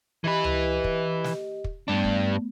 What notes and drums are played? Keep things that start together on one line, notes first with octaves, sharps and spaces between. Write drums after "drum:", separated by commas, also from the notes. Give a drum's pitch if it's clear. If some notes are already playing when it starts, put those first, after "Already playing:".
E3 G4 B4 D#5
drum: tom C#2
drum: kick
drum: snare
drum: kick
G2 A3 B3 D4
drum: kick